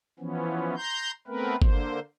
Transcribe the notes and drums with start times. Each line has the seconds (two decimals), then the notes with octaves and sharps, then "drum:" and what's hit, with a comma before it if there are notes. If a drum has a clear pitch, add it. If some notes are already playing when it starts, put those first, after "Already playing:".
0.19 E3 F3 B3 C#4
0.77 A#5 C6 G6
1.27 A3 B3 C4 A#4 B4
1.62 D3 A#3 C5, drum: kick G1